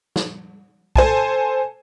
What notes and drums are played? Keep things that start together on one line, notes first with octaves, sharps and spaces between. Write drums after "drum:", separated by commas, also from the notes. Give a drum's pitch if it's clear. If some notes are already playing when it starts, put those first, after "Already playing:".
drum: snare
A4 C5 G#5 A5, drum: kick B1